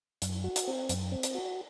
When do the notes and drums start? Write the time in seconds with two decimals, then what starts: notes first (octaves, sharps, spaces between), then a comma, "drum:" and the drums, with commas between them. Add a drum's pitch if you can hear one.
0.22 F#2, drum: hi-hat
0.44 F#4
0.56 drum: hi-hat
0.67 C4
0.89 F#2, drum: hi-hat
1.12 C4
1.23 drum: hi-hat
1.34 F#4